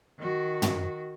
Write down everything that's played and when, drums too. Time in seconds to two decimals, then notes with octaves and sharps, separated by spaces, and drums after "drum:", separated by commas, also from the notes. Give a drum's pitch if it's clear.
0.18 D#3 F#4
0.62 drum: tom